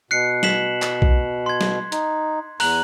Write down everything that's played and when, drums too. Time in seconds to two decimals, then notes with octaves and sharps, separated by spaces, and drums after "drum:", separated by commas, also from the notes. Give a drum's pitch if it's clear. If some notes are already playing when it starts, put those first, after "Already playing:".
0.11 B2 F#6 C7 C#7
0.43 B6 E7 F#7, drum: snare
0.82 drum: clap
1.02 drum: kick B1
1.46 C6 G#6
1.61 drum: snare
1.92 D#4, drum: hi-hat
2.60 E2 A#5 F#6 F#7, drum: open hi-hat